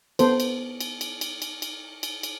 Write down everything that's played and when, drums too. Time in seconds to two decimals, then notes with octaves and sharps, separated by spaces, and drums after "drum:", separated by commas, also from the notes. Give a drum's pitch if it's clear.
0.19 B3 A4 C5, drum: cymbal
0.40 drum: cymbal
0.80 drum: cymbal
1.01 drum: cymbal
1.21 drum: cymbal
1.42 drum: cymbal
1.62 drum: cymbal
2.03 drum: cymbal
2.23 drum: cymbal